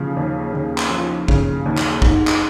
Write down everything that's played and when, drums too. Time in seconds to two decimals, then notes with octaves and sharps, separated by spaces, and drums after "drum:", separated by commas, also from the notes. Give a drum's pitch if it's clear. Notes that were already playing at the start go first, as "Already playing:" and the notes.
Already playing: D#2 C#3 F3
0.17 D#2
0.53 D#2
0.78 drum: clap
0.90 F3
1.28 C#3, drum: kick
1.66 D#2
1.78 drum: clap
2.02 G#2, drum: kick
2.27 drum: clap